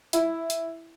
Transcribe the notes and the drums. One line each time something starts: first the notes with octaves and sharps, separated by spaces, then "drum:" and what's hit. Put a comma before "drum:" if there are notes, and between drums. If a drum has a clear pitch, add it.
E4, drum: hi-hat
drum: hi-hat